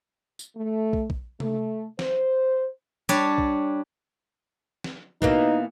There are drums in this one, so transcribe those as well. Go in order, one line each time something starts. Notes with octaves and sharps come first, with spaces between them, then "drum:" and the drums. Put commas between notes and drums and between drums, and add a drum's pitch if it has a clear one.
drum: tambourine
A3
drum: kick
drum: kick
A3, drum: tom C3
C5, drum: snare
G3 D4 C#5
drum: kick
drum: snare
B2 E3 A#3 D#4, drum: kick